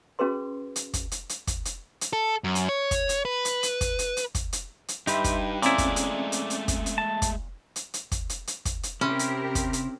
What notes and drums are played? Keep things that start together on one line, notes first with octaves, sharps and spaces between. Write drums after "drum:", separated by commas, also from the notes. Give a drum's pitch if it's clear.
C#4 F#4 G#4 B4 C6
drum: hi-hat
drum: kick, hi-hat
drum: hi-hat
drum: hi-hat
drum: kick, hi-hat
drum: hi-hat
drum: hi-hat
A4
F#2
drum: hi-hat
C#5
drum: kick, hi-hat
drum: hi-hat
B4
drum: hi-hat
drum: hi-hat
drum: kick, hi-hat
drum: hi-hat
drum: hi-hat
drum: kick, hi-hat
drum: hi-hat
drum: hi-hat
G2 D#4 G4 B4 E5 B5 C6, drum: hi-hat
drum: kick, hi-hat
A#2 G#3 A3 C4 C#4 E4 D5, drum: hi-hat
drum: kick, hi-hat
drum: hi-hat
drum: hi-hat
drum: hi-hat
drum: kick, hi-hat
drum: hi-hat
A5
drum: kick, hi-hat
drum: hi-hat
drum: hi-hat
drum: kick, hi-hat
drum: hi-hat
drum: hi-hat
drum: kick, hi-hat
drum: hi-hat
C3 C4 C#4 E4 G4 A#4
drum: hi-hat
drum: kick, hi-hat
drum: hi-hat